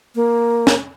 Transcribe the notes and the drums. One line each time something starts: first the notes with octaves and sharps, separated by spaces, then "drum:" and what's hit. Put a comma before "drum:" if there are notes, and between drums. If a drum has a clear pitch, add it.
A#3
drum: snare